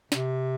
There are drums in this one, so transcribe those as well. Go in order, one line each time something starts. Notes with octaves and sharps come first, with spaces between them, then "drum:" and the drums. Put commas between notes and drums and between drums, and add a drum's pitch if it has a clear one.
C3, drum: snare